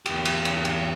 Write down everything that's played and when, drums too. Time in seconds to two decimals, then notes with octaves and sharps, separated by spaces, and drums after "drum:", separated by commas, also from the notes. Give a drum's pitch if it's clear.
0.06 E2 G4, drum: cymbal
0.25 drum: cymbal
0.45 drum: cymbal
0.65 drum: cymbal